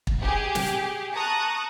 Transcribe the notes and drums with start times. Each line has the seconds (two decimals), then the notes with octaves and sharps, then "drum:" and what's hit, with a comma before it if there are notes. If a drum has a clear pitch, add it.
0.07 drum: kick
0.21 G4 G#4
0.55 drum: snare
1.12 A5 A#5 C#6 D#6 F#6